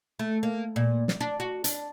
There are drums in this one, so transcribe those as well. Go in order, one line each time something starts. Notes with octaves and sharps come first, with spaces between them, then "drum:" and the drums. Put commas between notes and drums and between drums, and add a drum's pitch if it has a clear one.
A3
A#3
A#2
drum: snare
D4
F#4
D4, drum: hi-hat